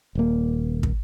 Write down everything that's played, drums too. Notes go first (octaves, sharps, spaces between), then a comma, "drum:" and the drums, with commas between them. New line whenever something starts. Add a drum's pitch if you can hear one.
D#1 A#3
drum: kick